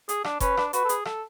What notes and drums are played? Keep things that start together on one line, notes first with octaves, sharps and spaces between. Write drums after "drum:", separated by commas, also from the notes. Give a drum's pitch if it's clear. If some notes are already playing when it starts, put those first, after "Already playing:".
G#4, drum: hi-hat
D4, drum: rim click
C#4 B4, drum: kick F1, hi-hat
D4, drum: rim click
F#4 B4, drum: hi-hat
A4
G#4, drum: hi-hat
A4, drum: rim click